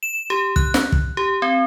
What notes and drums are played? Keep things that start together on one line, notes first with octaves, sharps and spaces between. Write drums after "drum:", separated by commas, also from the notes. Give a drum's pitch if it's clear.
E7
G4
F#6, drum: kick
drum: snare
drum: kick
G4
C4